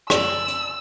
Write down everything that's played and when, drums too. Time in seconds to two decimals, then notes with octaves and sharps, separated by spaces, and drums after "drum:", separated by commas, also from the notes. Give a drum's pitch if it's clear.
0.10 D5 A#5 B5 E6, drum: rim click
0.48 drum: hi-hat